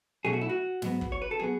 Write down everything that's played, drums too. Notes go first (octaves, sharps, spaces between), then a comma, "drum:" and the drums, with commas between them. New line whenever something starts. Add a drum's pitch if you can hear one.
B2 F#3 A3 C#4 G#4
F#4
E4
F#4
G#2 F#3 B3, drum: snare
drum: kick
C#5
B4
A4
F#3 B3 G#4